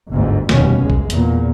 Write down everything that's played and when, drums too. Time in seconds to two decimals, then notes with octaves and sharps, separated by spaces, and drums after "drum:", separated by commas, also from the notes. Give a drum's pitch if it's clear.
0.11 G1 D2 G#2 D3
0.49 F1 D#2 B2 G3 C#4, drum: snare
0.79 F1 C2 G#3
0.90 drum: kick
1.10 E2 A#2, drum: hi-hat